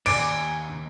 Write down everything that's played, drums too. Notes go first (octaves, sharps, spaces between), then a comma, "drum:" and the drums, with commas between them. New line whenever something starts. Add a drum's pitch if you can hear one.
D#2 D5 G#5 D7, drum: cymbal